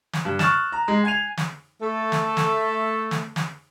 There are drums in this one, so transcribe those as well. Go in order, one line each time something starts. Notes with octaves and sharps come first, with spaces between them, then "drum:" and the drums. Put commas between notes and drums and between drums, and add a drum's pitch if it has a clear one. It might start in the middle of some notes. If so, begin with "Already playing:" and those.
drum: snare
G2
C#6 D#6 F6 F#6 A6 E7, drum: snare
A#5
G#3
G#5 G#6 C7 D#7 F7
drum: snare
A3 A4
drum: snare
drum: snare
drum: snare
drum: snare